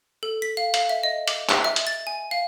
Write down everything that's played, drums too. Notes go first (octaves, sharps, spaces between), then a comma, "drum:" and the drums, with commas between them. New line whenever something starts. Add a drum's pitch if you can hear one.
A4
B6
F5
F5, drum: hi-hat
E5
D#5
D6, drum: hi-hat
F#6, drum: clap
E5
drum: hi-hat
A6
G#5
F5